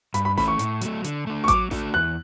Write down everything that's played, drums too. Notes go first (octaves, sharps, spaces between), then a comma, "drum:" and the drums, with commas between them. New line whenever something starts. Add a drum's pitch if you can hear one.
G2 B5, drum: hi-hat
B5
E3 A3 C#4 B5, drum: snare A1
C#6
A2, drum: hi-hat
F#3 A3, drum: hi-hat
D3, drum: hi-hat
A3 D4
C#6
F#3 D6, drum: kick A1, hi-hat
A3 D4 F#4, drum: snare A1
E2 F#6